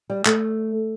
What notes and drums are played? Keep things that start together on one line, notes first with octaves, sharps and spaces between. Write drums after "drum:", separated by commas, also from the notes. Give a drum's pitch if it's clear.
G3
A3, drum: clap